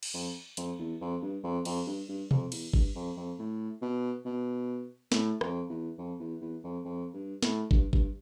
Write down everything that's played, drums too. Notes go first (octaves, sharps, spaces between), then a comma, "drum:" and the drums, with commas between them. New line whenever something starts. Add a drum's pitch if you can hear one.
drum: cymbal
F2
F2, drum: hi-hat
E2
F2
G2
F2
F2, drum: cymbal
G2
G2
F2, drum: tom B2
E2, drum: cymbal
G2, drum: kick
F2
F2
A2
B2
B2
A2, drum: snare
F2, drum: rim click
E2
F2
E2
E2
F2
F2
G2
A2, drum: snare
G2, drum: kick
G2, drum: kick